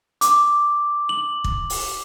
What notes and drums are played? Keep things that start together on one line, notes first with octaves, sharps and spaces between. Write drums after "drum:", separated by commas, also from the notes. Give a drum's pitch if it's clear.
D6, drum: hi-hat
F#7
drum: kick
drum: open hi-hat